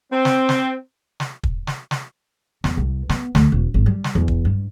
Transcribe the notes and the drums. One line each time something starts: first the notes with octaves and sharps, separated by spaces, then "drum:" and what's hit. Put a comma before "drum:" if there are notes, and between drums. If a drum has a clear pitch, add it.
C4
drum: snare
drum: snare
drum: snare
drum: kick
drum: snare
drum: snare
E2, drum: snare
C2
B3, drum: snare
D2, drum: snare
E1
G#1
G3
drum: snare
E2
drum: kick
G2